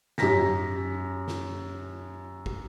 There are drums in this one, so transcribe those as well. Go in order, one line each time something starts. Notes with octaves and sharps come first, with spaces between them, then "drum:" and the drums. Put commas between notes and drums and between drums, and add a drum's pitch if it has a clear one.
F#2 G4 A#5 A#6 B6, drum: snare
drum: snare
drum: kick